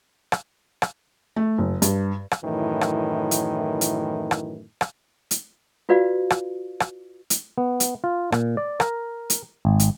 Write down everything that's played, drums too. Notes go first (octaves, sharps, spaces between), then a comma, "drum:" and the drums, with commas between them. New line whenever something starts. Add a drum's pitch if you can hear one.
drum: rim click
drum: rim click
A3
F#1
G2, drum: hi-hat
drum: rim click
F#2 A2 D#3 E3
drum: rim click
drum: hi-hat
drum: hi-hat
drum: rim click
drum: rim click
drum: hi-hat
F4 F#4 B4 D5 F5
drum: rim click
drum: rim click
drum: hi-hat
B3
drum: hi-hat
F4
A#2, drum: rim click
D5
A#4, drum: rim click
drum: hi-hat
G#1
drum: hi-hat